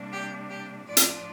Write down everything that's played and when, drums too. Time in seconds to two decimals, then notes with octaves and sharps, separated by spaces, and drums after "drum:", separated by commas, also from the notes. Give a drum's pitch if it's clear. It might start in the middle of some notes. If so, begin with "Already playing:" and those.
Already playing: C3 G3 A#3 D4
0.12 G4
0.49 G4
0.86 A2 F3 A3 D4 F4 D5
0.97 drum: hi-hat